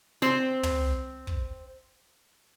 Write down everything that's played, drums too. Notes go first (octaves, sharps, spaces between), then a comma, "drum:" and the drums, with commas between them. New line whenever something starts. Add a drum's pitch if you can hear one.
C4 C5, drum: snare
drum: tom
drum: kick